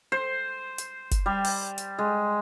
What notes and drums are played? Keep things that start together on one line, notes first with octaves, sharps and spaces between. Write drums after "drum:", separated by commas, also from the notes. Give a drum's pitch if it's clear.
C5
drum: hi-hat
drum: kick F#1, hi-hat
G3
drum: open hi-hat
drum: hi-hat
G#3